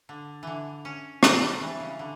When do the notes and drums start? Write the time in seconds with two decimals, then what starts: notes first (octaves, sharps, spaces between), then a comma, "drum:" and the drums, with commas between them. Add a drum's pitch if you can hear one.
0.09 D3
0.43 D3 E3
0.85 C#4
1.23 D4, drum: rim click
1.41 G3
1.61 E3
1.80 C#3
1.99 D3